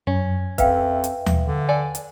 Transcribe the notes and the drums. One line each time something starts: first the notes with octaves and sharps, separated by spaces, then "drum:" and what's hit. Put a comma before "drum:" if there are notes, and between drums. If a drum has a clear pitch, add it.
F#2 C#4
F2 B4 E5 F5 G5, drum: kick, hi-hat
drum: hi-hat
drum: tom D#2
D3
A4 D5 G#5
drum: hi-hat